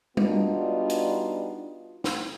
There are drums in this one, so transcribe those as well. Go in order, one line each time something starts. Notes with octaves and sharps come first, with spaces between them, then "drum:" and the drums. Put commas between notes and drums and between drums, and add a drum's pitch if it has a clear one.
G3 B3 D4 D#4 F4 F#4, drum: tom G3
drum: hi-hat
drum: snare